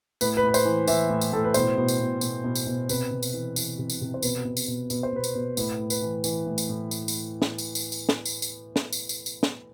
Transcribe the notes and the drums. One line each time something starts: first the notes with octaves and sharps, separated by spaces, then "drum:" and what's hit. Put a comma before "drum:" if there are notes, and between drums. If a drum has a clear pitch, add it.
A2 B4, drum: tambourine
B4
A2
B4
C5, drum: tambourine
E3
E3 E5, drum: tambourine
A2
drum: tambourine
A2 A4
B4
B2 C5, drum: tambourine
B2
drum: tambourine
B2
B2, drum: tambourine
B2
drum: tambourine
B2
C3 B4, drum: tambourine
C3
drum: tambourine
E3
E3, drum: tambourine
C3
drum: tambourine
C3
C5
B2 B4, drum: tambourine
B2
drum: tambourine
B2
B2 B4, drum: tambourine
C5
B2 B4
drum: tambourine
B2
A2 B4, drum: tambourine
A2
B4, drum: tambourine
E3
E3, drum: tambourine
A2
drum: tambourine
A2
drum: tambourine
drum: tambourine
drum: snare
drum: tambourine
drum: tambourine
drum: tambourine
drum: snare
drum: tambourine
drum: tambourine
drum: snare
drum: tambourine
drum: tambourine
drum: tambourine
drum: snare